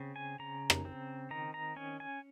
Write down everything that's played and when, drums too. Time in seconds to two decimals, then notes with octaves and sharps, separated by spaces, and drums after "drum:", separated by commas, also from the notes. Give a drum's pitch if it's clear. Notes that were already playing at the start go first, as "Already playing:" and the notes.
Already playing: C#3 C4
0.16 G#5
0.39 C#3 A#5
0.70 drum: rim click
0.85 C4
1.31 D#3 A#5
1.54 A#5
1.76 C#4 G#5
2.00 G#5